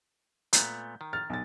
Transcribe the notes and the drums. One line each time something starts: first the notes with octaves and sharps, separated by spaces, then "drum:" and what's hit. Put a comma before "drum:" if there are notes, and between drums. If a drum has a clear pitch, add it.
A#2 A3 B3 G6, drum: hi-hat
D#3
F6 A6
B1 A6